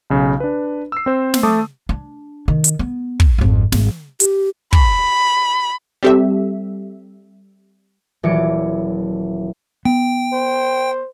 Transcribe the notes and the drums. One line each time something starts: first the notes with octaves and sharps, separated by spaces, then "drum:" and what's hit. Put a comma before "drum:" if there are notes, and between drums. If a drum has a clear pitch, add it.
B1 C#3
D4 B4
E6 C7
C4 C5
drum: snare
A3 A5 D6 D#6
D4
D#3
drum: hi-hat
B3
drum: kick
G#1 F2
G#1, drum: snare
G4, drum: hi-hat
B5, drum: kick
G3 C4 G4 A4 E5
D#1 E3 F#3 D6 C#7
B3 G5
C5